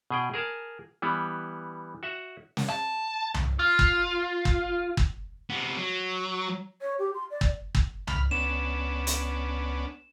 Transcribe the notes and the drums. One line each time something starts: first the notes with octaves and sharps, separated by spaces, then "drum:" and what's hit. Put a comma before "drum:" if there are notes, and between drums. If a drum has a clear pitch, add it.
B2 G#4 G5
G#4 A#4 A5
E3 G3 B3
F#4 E5 F#5
drum: snare
A5
drum: tom C2
F4
drum: kick
drum: kick
drum: kick
C3 B3
F#3
C#5
G4
C6
D5
drum: kick
drum: kick
C#2 B5 F6, drum: tom C2
B3 C#4 D4 E7
drum: hi-hat